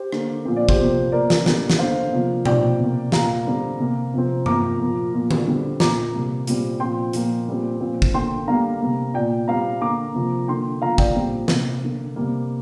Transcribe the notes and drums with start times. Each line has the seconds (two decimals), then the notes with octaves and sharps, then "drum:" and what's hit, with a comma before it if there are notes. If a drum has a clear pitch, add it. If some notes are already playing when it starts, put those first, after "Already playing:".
Already playing: G4 C5
0.12 D3 A#3, drum: rim click
0.45 A#2 F3 C4 C5
0.57 D5
0.69 G4 C5, drum: kick
0.79 C3 F3 A#3
1.12 A#2 A#3 A#4 D5
1.30 drum: snare
1.46 D3 G3 A#3, drum: snare
1.70 drum: snare
1.79 D3 A#3 C5 F5
2.12 C3 F3 A#3
2.45 A#2 F3 C4 D5 G5, drum: tom B2
2.79 C3 A#3
3.12 A#2 A#3 F5 A#5, drum: snare
3.46 D3 G3 C4
3.80 C3 A#3
4.14 C3 F3 C4
4.46 C3 F3 A#3 A#5 D6, drum: tom G2
4.80 A#2 F3 A#3
5.13 A#2 F3 A#3
5.31 drum: tom D3
5.47 D3 G3 C4
5.80 A#2 A#3 A#5 D6, drum: snare
6.14 C3 G3 A#3
6.47 A#2 G3 C4, drum: hi-hat
6.80 A#2 F3 C4 G5 C6
7.13 A#2 F3 A#3, drum: hi-hat
7.48 A#2 G3 C4
7.80 A#2 F3 C4
8.02 drum: kick
8.14 D3 A#3 G5 C6
8.48 D3 G3 A#3 F5 A#5
8.81 C3 G3 A#3
9.14 A#2 A#3 D5 G5
9.48 A#2 G3 C4 F5 A#5
9.81 D3 A#3 A#5 D6
10.14 C3 F3 A#3
10.48 D3 A#3 G5 C6
10.82 D3 F3 A#3 F5 A#5
10.98 D5 G5, drum: kick
11.16 A#2 G3 C4
11.48 C3 A#3, drum: snare
11.83 D3 A#3
12.16 C3 G3 A#3